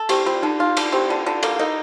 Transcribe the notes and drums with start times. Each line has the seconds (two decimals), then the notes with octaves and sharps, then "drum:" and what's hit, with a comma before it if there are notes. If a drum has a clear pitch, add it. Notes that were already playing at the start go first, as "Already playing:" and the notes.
Already playing: A4
0.09 C4 G4, drum: cymbal
0.26 C4 F4
0.42 D3 D#4
0.59 D#4 F4
0.77 D3 F4, drum: cymbal
0.93 C4 G4
1.09 D3 F4
1.26 D3 F4
1.43 A#3 A4, drum: cymbal
1.59 D#4 A#4